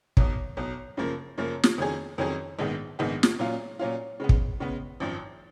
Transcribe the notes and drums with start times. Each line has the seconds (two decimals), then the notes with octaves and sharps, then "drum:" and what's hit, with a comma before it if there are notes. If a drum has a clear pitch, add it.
0.17 B1 B2 F#3, drum: kick
0.57 B1 B2 F#3
0.97 F#2 C#3 F3 A#3
1.38 F#2 C#3 F3 A#3
1.64 drum: snare
1.78 F2 D#3 F#3 C#4 G#4
2.18 F2 D#3 F#3 C#4 G#4
2.59 A#1 G#2 D#3 G#3 B3
2.99 A#1 G#2 D#3 G#3 B3
3.23 drum: snare
3.39 A#2 F#3 C#4 F4
3.79 A#2 F#3 C#4 F4
4.20 C#3 G#3 B3
4.29 drum: kick
4.60 C#3 G#3 B3
5.00 G#1 F#2 F3